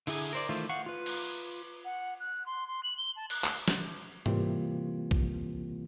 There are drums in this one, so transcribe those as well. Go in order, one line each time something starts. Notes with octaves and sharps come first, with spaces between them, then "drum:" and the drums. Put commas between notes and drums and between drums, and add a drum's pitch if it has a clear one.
D3 E4 G#4 G#5, drum: cymbal
A#4 C5 D5
D#3 E3 A3 F4 C5
F5 F#5 C#6
F4 B4
drum: cymbal
F#5
F#6
C6
C6
F#7
G7
A5
F#6, drum: cymbal
drum: clap
drum: snare
C3 E3 G3 A#3 C4 F4, drum: tom G#2
drum: kick